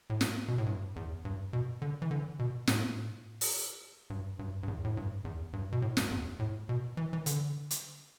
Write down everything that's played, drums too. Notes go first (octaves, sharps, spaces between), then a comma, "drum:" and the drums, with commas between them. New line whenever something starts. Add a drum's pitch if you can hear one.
A2
drum: snare
B2
A2
G2
E2
G2
B2
D3
E3
D3
B2
A2, drum: snare
drum: open hi-hat
G2
G2
G2
E2
A2
G2
E2
G2
B2
A2
G2, drum: snare
E2
A2
B2
E3
E3
D3, drum: hi-hat
drum: hi-hat